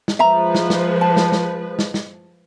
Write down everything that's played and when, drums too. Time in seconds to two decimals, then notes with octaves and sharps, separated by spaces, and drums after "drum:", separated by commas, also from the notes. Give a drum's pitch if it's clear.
0.08 drum: snare
0.19 F3 G#3 B4 E5 A#5
0.55 drum: snare
0.70 drum: snare
1.01 A5
1.17 drum: snare
1.32 drum: snare
1.79 drum: snare
1.94 drum: snare